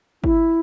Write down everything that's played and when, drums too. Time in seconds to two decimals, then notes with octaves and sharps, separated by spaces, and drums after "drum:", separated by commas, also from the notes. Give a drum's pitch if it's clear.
0.24 E4, drum: kick G1